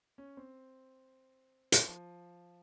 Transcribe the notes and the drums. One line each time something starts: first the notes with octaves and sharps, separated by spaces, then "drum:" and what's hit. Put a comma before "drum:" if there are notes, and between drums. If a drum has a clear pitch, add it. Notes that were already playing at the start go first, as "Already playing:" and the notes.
C#4
C4
drum: hi-hat
F3